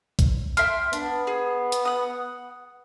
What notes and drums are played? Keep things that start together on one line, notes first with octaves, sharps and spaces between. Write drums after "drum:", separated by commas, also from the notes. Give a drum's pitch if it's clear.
drum: kick B1, hi-hat
E5 G5 C6 F6, drum: hi-hat
B3 D4, drum: hi-hat
G#4
drum: hi-hat
F#5 D#6